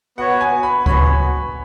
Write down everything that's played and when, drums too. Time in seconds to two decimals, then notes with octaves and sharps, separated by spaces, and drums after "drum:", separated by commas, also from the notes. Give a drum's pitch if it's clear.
0.18 B3 F#4 C#5 F#5
0.41 G#5
0.63 B5
0.86 B3 F#4 C#5 B5, drum: kick C#2